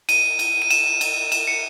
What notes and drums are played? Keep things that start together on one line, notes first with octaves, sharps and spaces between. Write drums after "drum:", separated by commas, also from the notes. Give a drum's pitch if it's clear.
D#7, drum: cymbal
drum: cymbal
D#7
E7, drum: cymbal
drum: cymbal
E7, drum: cymbal
C#7